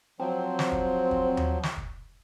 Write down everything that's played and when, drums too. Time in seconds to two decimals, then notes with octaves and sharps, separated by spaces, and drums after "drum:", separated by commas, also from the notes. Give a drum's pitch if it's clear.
0.20 F3 F#3 C4
0.59 drum: snare
0.72 drum: kick
1.11 drum: kick
1.37 drum: tom D#2
1.63 drum: snare
1.76 drum: kick